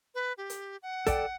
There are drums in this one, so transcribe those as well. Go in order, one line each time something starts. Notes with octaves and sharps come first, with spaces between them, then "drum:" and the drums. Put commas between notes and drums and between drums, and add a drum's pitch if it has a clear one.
B4
G4
drum: hi-hat
F#5
A4 D5 G5, drum: kick, hi-hat